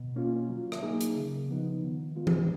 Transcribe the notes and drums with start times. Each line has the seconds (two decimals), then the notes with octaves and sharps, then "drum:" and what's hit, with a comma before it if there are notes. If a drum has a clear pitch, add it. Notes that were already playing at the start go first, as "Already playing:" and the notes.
Already playing: B2
0.16 A#3 C#4 F4
0.49 F#3
0.72 drum: rim click
0.82 A#3 D#4 G#4
1.01 drum: hi-hat
1.16 C#3
1.49 F3 B3 D#4
1.82 D#3
2.15 G#3 B3 F4
2.27 drum: tom E3